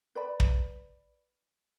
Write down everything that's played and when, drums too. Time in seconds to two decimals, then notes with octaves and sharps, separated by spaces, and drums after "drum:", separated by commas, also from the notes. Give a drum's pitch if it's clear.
0.15 B4 D5 B5
0.40 drum: kick